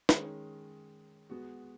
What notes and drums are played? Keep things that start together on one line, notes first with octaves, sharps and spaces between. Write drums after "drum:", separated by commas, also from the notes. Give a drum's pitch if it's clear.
D#3 G#3 C#4, drum: snare
G#3 B3 F#4